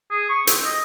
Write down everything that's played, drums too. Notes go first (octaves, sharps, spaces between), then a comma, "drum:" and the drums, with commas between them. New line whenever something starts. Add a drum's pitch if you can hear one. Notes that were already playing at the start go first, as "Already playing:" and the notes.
G#4
C#6
C4, drum: hi-hat
D#5